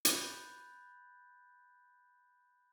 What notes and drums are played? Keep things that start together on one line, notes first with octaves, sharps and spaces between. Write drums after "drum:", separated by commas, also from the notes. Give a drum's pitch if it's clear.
B5 F#6 G6 A6, drum: hi-hat